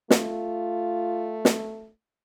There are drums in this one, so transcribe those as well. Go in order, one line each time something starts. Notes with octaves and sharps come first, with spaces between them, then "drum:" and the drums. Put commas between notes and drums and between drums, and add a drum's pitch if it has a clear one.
A3 F4, drum: snare
drum: snare